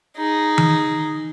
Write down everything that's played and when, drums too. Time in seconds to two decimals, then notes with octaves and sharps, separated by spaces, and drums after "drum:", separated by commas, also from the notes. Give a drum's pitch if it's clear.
0.17 D#4 G#4
0.58 drum: tom D#3